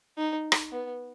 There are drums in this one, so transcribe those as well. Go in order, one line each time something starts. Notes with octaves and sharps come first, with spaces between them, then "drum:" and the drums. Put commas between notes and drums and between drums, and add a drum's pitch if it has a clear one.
D#4
drum: rim click
B3